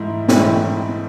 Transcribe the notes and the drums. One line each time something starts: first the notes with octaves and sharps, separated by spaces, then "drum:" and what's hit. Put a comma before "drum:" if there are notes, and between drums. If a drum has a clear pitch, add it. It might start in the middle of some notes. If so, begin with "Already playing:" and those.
Already playing: G#2 E3 A3 E4
G#2 E3 A3 E4, drum: snare